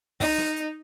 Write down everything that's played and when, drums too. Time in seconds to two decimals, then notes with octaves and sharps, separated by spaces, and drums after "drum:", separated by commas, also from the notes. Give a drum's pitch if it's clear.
0.20 D#4, drum: kick, open hi-hat
0.38 drum: snare
0.56 drum: hi-hat